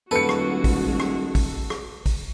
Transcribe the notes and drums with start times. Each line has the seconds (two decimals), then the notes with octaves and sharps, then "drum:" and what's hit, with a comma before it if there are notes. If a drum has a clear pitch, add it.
0.11 D#1 G#3 F#4 A4 B4 C#7
0.29 drum: rim click
0.64 drum: kick A1, open hi-hat
1.00 drum: rim click
1.35 drum: kick A1, open hi-hat
1.70 drum: rim click
2.06 drum: kick A1, open hi-hat